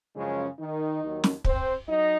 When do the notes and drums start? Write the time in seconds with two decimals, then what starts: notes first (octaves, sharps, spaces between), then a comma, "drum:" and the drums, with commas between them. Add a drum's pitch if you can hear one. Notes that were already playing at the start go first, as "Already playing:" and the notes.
0.16 F#2 C#3 F3 G#3 C#4
0.59 D#3 D#4
1.02 D#2 D#3 F#3
1.24 drum: snare
1.45 C4 C5, drum: kick
1.88 F#3 D#4 D#5